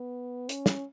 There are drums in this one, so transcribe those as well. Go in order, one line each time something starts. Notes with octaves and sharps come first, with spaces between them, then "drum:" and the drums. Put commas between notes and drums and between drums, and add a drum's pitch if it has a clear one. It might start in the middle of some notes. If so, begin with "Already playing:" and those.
Already playing: B3
C#4, drum: hi-hat
drum: snare